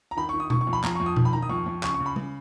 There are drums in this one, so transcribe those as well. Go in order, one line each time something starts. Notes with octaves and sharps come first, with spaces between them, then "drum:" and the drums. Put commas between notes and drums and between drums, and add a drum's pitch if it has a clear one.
A#5
D#3 B5
D#3 C#6
D#6
D#3 C#6, drum: tom B2
C#6
F2
B5
F2 A#5, drum: clap
F2 C#6
D#6
D#3, drum: tom B2
B5
D#3 A#5
D#6
F2 C#6
F2
C#3 C#6, drum: clap
C#6
C#3
B5
C#3, drum: tom G#3